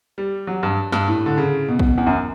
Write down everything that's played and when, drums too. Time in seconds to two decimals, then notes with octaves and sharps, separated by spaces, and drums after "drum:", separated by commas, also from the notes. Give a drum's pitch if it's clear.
0.18 G3
0.47 F#3
0.63 G2
0.92 G2, drum: snare
1.08 A2
1.26 D3
1.38 C#3
1.68 B2
1.79 drum: kick
1.98 E2
2.06 F#2